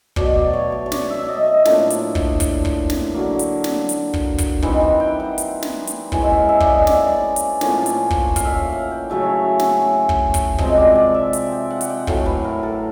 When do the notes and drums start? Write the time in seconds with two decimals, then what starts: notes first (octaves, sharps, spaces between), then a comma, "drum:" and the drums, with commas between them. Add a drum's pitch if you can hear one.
0.16 B2 F#3 A3 D5, drum: kick
0.36 D5
0.53 C#5
0.72 C#5
0.86 C#5
0.92 D5, drum: snare
1.10 E5
1.29 D#5
1.46 D#5
1.65 A2 F3 A#3 D4, drum: snare
1.90 drum: hi-hat
2.15 drum: kick
2.40 drum: kick, hi-hat
2.65 drum: kick
2.90 drum: snare
3.14 D3 F#3 A#3
3.39 drum: hi-hat
3.64 drum: snare
3.89 drum: hi-hat
4.14 drum: kick
4.38 drum: kick, hi-hat
4.63 E3 G3 C4 D#4 F#5, drum: kick
4.81 G5
5.00 G5
5.20 F#5
5.38 drum: hi-hat
5.63 drum: snare
5.87 drum: hi-hat
6.12 E3 G#3 C#4 E4 F#5, drum: kick
6.24 E5
6.31 F5
6.49 E5
6.61 D5, drum: kick
6.67 D#5
6.87 D5, drum: snare
7.36 drum: hi-hat
7.61 A2 F3 A#3 C#4, drum: snare
7.86 drum: hi-hat
8.11 drum: kick
8.36 F5, drum: kick, hi-hat
8.45 E5
8.54 F5
8.72 F#5
8.91 G5
9.10 C#3 F#3 A3 C#4 E5
9.59 drum: snare
10.09 drum: kick
10.34 drum: kick, hi-hat
10.59 C3 F3 G#3 C4 D#5, drum: kick
10.77 D5
10.95 D5
11.14 E5
11.33 drum: hi-hat
11.52 G5
11.70 F#5
11.81 F#5, drum: hi-hat
11.90 G5
12.07 A2 F#3 A3 F5, drum: kick
12.26 B4
12.44 A#4
12.63 A4